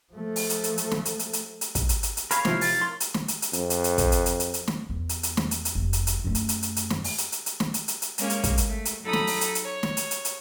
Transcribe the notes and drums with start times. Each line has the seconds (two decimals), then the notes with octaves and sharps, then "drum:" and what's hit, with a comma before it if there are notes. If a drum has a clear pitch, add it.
0.13 F3 A3
0.36 drum: open hi-hat
0.50 drum: hi-hat
0.64 drum: hi-hat
0.78 drum: hi-hat
0.91 drum: snare
1.05 drum: hi-hat
1.19 drum: hi-hat
1.33 drum: hi-hat
1.61 drum: hi-hat
1.75 drum: kick, hi-hat
1.89 drum: hi-hat
2.03 drum: hi-hat
2.17 drum: hi-hat
2.31 A#4 C#5 F5 B5, drum: hi-hat
2.45 C3 F3 E4, drum: snare
2.61 A6, drum: open hi-hat
2.81 C6
3.00 drum: hi-hat
3.14 drum: snare
3.28 drum: hi-hat
3.42 drum: hi-hat
3.53 F2, drum: hi-hat
3.70 drum: hi-hat
3.84 drum: hi-hat
3.98 drum: kick, hi-hat
4.12 drum: hi-hat
4.26 drum: hi-hat
4.40 drum: hi-hat
4.54 drum: hi-hat
4.68 drum: snare
4.89 E2
5.09 drum: hi-hat
5.23 drum: hi-hat
5.37 drum: snare
5.51 drum: hi-hat
5.65 drum: hi-hat
5.75 F1 D#2
5.93 drum: hi-hat
6.07 drum: hi-hat
6.24 F#2 A3
6.35 drum: hi-hat
6.49 drum: hi-hat
6.62 drum: hi-hat
6.76 drum: hi-hat
6.90 drum: snare
7.04 drum: open hi-hat
7.18 drum: hi-hat
7.32 drum: hi-hat
7.46 drum: hi-hat
7.60 drum: snare
7.74 drum: hi-hat
7.88 drum: hi-hat
8.02 drum: hi-hat
8.18 G#3 A#3 C#4, drum: hi-hat
8.30 drum: hi-hat
8.44 drum: kick, hi-hat
8.57 drum: hi-hat
8.67 A3
8.85 drum: hi-hat
9.04 F#3 D#4 A4 A#5 B5 D#6
9.13 drum: snare
9.27 drum: open hi-hat
9.41 drum: hi-hat
9.55 drum: hi-hat
9.64 C#5
9.83 drum: snare
9.97 drum: hi-hat
10.11 drum: hi-hat
10.25 drum: hi-hat